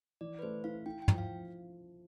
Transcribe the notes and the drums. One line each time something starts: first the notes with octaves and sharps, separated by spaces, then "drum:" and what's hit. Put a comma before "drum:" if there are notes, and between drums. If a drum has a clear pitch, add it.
E3 D5
B4
A3 C5
E4 F5
E4 G5
G5
F3, drum: tom
F5